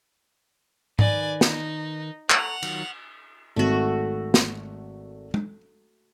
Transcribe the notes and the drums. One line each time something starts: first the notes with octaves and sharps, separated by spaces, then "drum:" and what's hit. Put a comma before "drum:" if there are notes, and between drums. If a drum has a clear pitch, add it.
D#3 B4 D5 G#5, drum: tom G#2
D#4, drum: snare
A4 F#5 A#5 C#6 F7, drum: clap
D#3 F#3 F4, drum: cymbal
G#1 A3 F#4
drum: snare
drum: tom